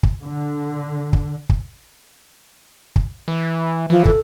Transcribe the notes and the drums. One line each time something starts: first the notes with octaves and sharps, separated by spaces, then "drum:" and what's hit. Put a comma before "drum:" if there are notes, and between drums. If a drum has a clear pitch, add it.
drum: kick
D3
drum: kick
drum: kick
drum: kick
E3
E3 F3
A4, drum: kick